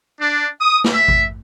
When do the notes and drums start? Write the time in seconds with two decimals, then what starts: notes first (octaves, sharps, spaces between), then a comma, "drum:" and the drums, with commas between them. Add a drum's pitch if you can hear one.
0.19 D4
0.60 D#6
0.84 drum: snare
0.93 E5
1.08 drum: kick G#1